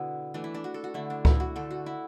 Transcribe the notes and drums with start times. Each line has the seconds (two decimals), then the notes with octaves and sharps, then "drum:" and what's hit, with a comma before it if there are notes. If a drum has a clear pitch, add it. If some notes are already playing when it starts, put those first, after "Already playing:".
Already playing: B2 D3 B3 E4
0.34 E3 A3 D4
0.44 E4
0.54 D4
0.64 F#4
0.74 A4
0.84 F#4
0.94 D3 A3 E4
1.10 D4
1.25 E4, drum: kick C#2
1.40 F#4
1.56 D3 A3 A4
1.71 F#4
1.86 E4